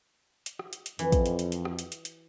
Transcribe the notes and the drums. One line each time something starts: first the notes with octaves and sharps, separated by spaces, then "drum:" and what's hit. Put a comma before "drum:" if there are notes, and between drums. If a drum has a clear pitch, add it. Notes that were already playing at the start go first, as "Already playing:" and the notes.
drum: hi-hat
drum: rim click
drum: hi-hat
drum: hi-hat
F2 E3, drum: hi-hat
drum: kick, hi-hat
drum: hi-hat
drum: hi-hat
drum: hi-hat
drum: rim click
drum: hi-hat
drum: hi-hat
drum: hi-hat